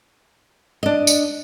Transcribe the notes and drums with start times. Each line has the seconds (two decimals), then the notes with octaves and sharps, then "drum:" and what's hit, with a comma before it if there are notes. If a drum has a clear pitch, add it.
0.83 D4 D#5
1.07 drum: tambourine